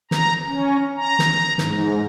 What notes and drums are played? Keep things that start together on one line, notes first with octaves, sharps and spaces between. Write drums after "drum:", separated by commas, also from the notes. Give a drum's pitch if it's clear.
A#5, drum: snare
C#4
A#5
drum: snare
G#2, drum: snare